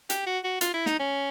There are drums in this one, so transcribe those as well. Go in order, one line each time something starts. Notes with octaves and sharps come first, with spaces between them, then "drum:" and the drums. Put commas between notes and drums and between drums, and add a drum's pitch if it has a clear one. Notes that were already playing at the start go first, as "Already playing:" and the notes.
G4, drum: hi-hat
F#4
F#4
F4, drum: hi-hat
E4
D#4, drum: snare
C#4